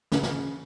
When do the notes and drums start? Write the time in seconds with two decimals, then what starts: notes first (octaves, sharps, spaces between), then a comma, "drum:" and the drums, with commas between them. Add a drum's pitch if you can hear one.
0.12 C#3, drum: snare
0.23 drum: snare